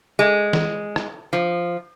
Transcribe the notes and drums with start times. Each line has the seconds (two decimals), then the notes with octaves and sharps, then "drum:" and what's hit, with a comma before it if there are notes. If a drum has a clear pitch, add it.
0.19 G#3
0.53 drum: snare
0.96 drum: rim click
1.33 F3